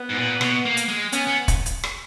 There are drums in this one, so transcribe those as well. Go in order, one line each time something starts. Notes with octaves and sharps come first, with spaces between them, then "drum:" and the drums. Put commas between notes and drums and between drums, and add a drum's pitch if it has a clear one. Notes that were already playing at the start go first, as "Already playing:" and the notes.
Already playing: B3
G#2
A#2
B2, drum: rim click
A#3
drum: hi-hat
G#3
B3 C#4, drum: hi-hat
B3
drum: kick, hi-hat
drum: hi-hat
drum: rim click